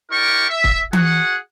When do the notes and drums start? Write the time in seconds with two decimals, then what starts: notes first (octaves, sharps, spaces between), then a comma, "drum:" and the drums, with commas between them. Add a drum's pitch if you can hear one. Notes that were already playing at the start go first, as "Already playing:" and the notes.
0.11 E4 G4 A#4 D5 C#6
0.49 E5
0.64 drum: kick
0.93 F#4 G#4 F#5, drum: tom E3